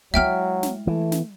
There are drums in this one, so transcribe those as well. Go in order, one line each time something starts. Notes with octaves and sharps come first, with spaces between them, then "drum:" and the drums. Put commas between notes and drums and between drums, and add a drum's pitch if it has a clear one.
F#3 G#3 E4 E5 G5 F6
drum: snare
E3 A3
drum: snare